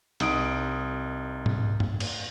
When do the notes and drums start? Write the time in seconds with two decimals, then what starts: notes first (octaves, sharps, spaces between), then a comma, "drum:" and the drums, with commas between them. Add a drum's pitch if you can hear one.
0.20 C2 D#4 D#6 D7, drum: hi-hat
1.46 drum: tom G#2
1.80 drum: tom F#2
2.00 drum: cymbal